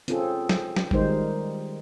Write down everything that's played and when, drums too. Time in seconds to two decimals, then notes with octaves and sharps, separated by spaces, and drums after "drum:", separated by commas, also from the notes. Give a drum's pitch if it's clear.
0.08 C4 C#4 F4 G#4 A4, drum: hi-hat
0.49 drum: snare
0.76 drum: snare
0.91 D#3 G3 G#3 D#4 A#4 C5, drum: kick G#1